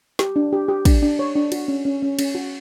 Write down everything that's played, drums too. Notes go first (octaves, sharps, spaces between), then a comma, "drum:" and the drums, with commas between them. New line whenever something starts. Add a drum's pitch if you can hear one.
G4, drum: snare
D4
G4
G4
D4, drum: kick, cymbal
D4
C#5
D4
F#4, drum: cymbal
C#4
C#4
C#4
C#4, drum: cymbal
F#4